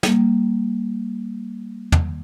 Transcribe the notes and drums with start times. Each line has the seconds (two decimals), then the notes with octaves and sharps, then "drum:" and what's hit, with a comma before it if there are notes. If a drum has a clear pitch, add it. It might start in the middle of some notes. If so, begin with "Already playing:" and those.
0.03 G3 A#3, drum: snare
1.92 drum: tom